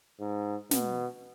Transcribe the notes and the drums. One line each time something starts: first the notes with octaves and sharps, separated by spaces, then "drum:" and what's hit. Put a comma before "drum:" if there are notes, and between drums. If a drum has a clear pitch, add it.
G#2
B2, drum: snare